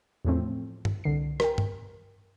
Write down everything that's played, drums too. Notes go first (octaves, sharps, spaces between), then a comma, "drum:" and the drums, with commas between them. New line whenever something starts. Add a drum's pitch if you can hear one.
E2 A2 F3 A3 C4
drum: tom G2
C2 D3 C7
A#4 G5, drum: rim click
drum: tom G2